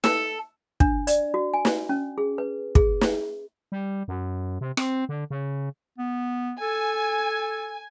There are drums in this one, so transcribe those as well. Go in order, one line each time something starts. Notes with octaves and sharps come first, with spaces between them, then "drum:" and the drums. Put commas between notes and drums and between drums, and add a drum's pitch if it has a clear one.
A4, drum: snare
D4, drum: kick
D5, drum: hi-hat
F#4
G#5
drum: snare
C#4
G#4
B4
G#4, drum: kick
drum: snare
G3
F#2
C3
C4, drum: rim click
D3
C#3
B3
A4 G#5